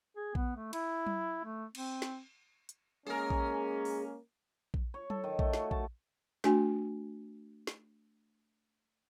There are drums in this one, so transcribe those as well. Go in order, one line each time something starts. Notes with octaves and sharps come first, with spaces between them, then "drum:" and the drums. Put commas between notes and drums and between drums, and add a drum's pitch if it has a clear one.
G#4
B3, drum: kick A#1
A3
E4, drum: cymbal
drum: tom F#3
A3
C4, drum: cymbal
drum: snare
drum: hi-hat
G#3 A#3 C#4 G#4 A#4
drum: kick A#1
drum: open hi-hat
drum: kick A#1
C#5
A4, drum: tom F#3
D#3
A3, drum: kick A#1
F#4, drum: snare
A5, drum: kick A#1
A3 D4 F#4 G#5, drum: snare
drum: snare